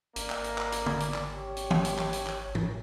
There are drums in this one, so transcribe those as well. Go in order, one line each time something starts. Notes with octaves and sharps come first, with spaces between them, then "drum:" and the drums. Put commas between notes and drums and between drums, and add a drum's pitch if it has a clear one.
G#1 A#3 D5, drum: hi-hat
drum: clap
drum: hi-hat
drum: clap
drum: hi-hat
drum: tom
drum: hi-hat
drum: clap
G4 C#5
drum: hi-hat
drum: tom
drum: hi-hat
drum: clap
drum: hi-hat
drum: clap
drum: tom G#2